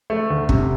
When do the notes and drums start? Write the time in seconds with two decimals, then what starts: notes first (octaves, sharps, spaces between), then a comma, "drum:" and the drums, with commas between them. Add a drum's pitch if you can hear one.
0.10 A3
0.30 D2
0.49 C3, drum: kick